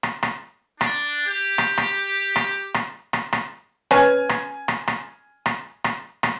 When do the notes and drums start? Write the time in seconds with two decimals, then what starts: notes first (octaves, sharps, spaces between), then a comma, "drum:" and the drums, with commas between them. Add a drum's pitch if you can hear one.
0.03 drum: rim click
0.23 drum: rim click
0.81 D4, drum: rim click
1.27 G4
1.58 drum: rim click
1.78 drum: rim click
2.36 drum: rim click
2.74 drum: rim click
3.13 drum: rim click
3.33 drum: rim click
3.91 C#4 B4 G#5 F6 G#6, drum: rim click
4.29 drum: rim click
4.68 drum: rim click
4.88 drum: rim click
5.46 drum: rim click
5.84 drum: rim click
6.23 drum: rim click